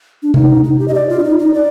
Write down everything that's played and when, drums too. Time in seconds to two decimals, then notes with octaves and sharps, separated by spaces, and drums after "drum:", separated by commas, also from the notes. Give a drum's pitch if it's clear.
0.23 D4
0.34 D#4, drum: tom C3
0.64 D#4
0.79 G4
0.88 D#5
0.94 D5
1.09 F4
1.19 D4
1.24 D#4
1.39 D#4
1.54 D5